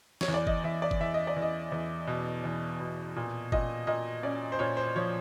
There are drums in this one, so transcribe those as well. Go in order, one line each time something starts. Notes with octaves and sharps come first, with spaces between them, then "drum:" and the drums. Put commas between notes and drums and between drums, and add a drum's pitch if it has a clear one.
C#5, drum: snare
E2
D5
D#5, drum: kick G1
E2 E5
D5
drum: kick G1
E2 E5
D#5
D5
E2
D#5
E2
B2
E2
B2
A#2
A#2 D#5, drum: kick G1
A#2 D#5
C#4 D5
C5
A#2 C#5
C5
F3 C#5